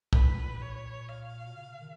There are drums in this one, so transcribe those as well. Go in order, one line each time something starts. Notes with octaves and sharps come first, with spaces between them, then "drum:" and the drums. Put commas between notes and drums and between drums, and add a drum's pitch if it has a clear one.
A#2 B4, drum: kick
C#5
F5
B2
C#3
D#3